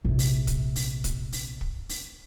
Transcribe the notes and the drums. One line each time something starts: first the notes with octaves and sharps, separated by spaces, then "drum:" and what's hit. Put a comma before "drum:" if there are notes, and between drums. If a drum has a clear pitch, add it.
A#1 C3
drum: open hi-hat
drum: kick, hi-hat
drum: open hi-hat
drum: kick, hi-hat
drum: open hi-hat
drum: kick
drum: open hi-hat